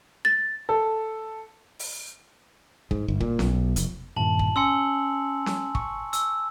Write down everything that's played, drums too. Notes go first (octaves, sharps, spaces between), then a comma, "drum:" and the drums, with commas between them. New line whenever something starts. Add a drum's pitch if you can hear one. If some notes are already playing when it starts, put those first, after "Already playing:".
A6
A4
drum: open hi-hat
G#2, drum: kick
G1
A#2, drum: kick
B1, drum: snare C#4
F1, drum: hi-hat
G2 A#2 D#3 A5 F#7
drum: kick
C#4 G#5 C6 E6 C#7
drum: snare C#4
C#6, drum: kick
E6, drum: hi-hat